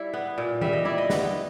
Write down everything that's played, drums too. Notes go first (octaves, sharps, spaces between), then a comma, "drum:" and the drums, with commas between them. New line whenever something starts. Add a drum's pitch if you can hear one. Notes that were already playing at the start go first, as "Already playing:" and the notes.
Already playing: G3 E4
B3
A#2
G3 E5, drum: tom E3
D#5
E4 D5
D#5
B3, drum: snare